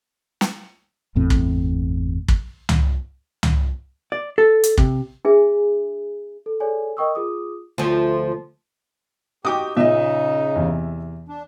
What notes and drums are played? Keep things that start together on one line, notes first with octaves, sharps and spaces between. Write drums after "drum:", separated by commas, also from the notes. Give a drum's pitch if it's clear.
drum: snare
G1 E2 A2 C4
drum: kick
drum: kick
drum: tom
drum: tom
D5
A4
drum: hi-hat
C3, drum: kick
D4 G#4 E5 G#5
A4
G#4 A4 C#5 D5 G#5
A#4 D#5 G5 C#6 D#6 E6
F4 G#4 D6 D#6
D2 F3
D#4 F#4 G4 G5 D6 D#6
A#2 C#3 D#4 D#5 E5
E2 C3
D4